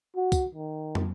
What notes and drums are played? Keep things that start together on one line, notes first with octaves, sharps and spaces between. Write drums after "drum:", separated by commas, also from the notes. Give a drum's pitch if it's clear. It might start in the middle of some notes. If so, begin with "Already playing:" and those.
F#4
drum: kick, tambourine
D#3
drum: tom